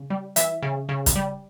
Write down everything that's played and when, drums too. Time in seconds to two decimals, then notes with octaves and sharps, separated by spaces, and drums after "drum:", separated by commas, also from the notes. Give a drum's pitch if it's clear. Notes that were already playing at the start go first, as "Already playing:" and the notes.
Already playing: C#3
0.10 G3
0.36 E3 E5, drum: hi-hat
0.62 C#3
0.89 C#3
1.06 drum: kick, hi-hat
1.16 G3